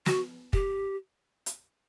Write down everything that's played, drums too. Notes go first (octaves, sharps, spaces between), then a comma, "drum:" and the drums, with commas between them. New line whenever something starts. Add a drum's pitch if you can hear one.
F#4, drum: snare
G4, drum: kick
drum: hi-hat